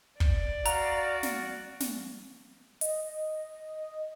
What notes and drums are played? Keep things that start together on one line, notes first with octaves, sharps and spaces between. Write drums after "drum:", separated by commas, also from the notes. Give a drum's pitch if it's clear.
D5, drum: kick
F#4 F5 A#5, drum: hi-hat
drum: snare
drum: snare
D#5, drum: hi-hat